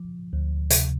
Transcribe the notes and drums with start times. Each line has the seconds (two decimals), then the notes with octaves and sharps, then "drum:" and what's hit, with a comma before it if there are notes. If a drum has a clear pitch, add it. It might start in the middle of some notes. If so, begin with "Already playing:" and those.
Already playing: F3
0.33 D2
0.70 C3, drum: hi-hat